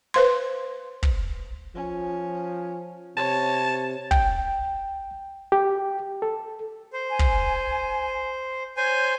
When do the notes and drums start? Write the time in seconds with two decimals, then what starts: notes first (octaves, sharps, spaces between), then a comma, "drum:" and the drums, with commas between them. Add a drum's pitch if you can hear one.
0.14 B4 C5 C6
1.03 drum: kick
1.75 F3 C#4
3.17 C3 C#5 A5
4.11 G5, drum: kick
5.52 G4
6.22 A4
6.93 C5
7.10 G#5
7.19 drum: kick
8.77 C5 C#5 G#5 G6